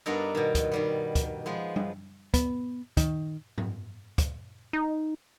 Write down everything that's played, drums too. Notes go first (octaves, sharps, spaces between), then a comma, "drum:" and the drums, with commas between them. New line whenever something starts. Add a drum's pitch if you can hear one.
G2 B3 D4 D#4 A4 A#4
B2 D#3
drum: kick, hi-hat
D#3 G3 B3
drum: kick, hi-hat
F3 G#3 B3
drum: tom G3
B3, drum: kick, hi-hat
D#3, drum: kick, hi-hat
drum: tom G#2
drum: kick, hi-hat
D#4